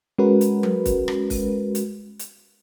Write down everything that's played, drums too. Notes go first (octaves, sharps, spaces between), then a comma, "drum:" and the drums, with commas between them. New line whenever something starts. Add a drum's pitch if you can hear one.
G#3 C#4 F#4 A#4 B4
drum: hi-hat
drum: tom F#3
drum: kick, hi-hat
drum: rim click
drum: kick, open hi-hat
drum: hi-hat
drum: hi-hat